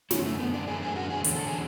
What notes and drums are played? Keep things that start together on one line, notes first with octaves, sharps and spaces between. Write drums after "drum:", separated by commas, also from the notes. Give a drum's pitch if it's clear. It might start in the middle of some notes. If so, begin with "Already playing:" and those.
F#2 D3 A3 C#4, drum: snare
A3
B3
D4
F#2 D3 A3 G#4
G#4
F#4
G#4
E2 D3 F#3, drum: hi-hat
A4
G#4